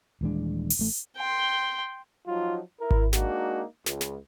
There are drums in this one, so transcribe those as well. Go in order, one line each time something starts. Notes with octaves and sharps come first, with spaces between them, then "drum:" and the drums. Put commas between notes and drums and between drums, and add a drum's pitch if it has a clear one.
D#1 E3 G#3 D4
drum: open hi-hat
A1 A3
G5 C6
F3 F#3 D#4 F4
E4 A#4
drum: kick G#1
G#3 A#3 D4 D#4 F#4, drum: snare
C#2, drum: snare
drum: snare